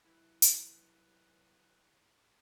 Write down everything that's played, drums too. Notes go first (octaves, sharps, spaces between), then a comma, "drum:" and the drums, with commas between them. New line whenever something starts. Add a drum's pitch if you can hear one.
C2 C3 F#3 E4 B4
drum: hi-hat